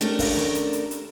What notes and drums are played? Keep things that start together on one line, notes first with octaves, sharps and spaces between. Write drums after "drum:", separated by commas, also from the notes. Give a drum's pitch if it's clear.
A3 C#4 D4 G4 A#4
drum: kick, open hi-hat
drum: snare
drum: hi-hat
drum: hi-hat
drum: hi-hat